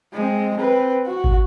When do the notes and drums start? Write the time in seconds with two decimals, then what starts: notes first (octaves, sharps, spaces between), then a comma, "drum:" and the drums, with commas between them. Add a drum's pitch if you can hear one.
0.13 G#3 C4
0.57 C4 B4
1.06 F#4
1.24 drum: kick